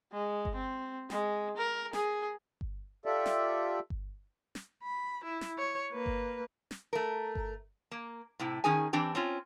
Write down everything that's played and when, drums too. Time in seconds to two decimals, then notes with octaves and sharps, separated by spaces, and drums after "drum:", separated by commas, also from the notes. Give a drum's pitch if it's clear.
0.13 G#3
0.45 drum: kick G1
0.55 C4
1.10 G#3, drum: snare
1.57 A#4
1.93 G#4, drum: snare
2.61 drum: kick G1
3.06 F4 G4 A4 D5 E5
3.26 drum: snare
3.90 drum: kick G1
4.55 drum: snare
4.83 B5
5.24 E4
5.41 drum: snare
5.58 C#5
5.92 A#3 B4
6.06 drum: kick G1
6.71 drum: snare
6.93 A3 A#4
7.35 drum: kick G1
7.91 A#3
8.39 A2 C3 E4
8.64 D#3 C#4 D#4 G#4 G#5
8.93 E3 C4 D4 G4
9.15 C4 C#4 F4